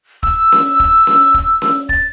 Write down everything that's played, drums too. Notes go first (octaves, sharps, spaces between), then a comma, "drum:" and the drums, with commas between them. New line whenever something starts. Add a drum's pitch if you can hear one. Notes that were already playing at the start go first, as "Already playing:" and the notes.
E6, drum: kick
drum: snare C#4
drum: kick
drum: snare C#4
drum: kick
drum: snare C#4
A6, drum: kick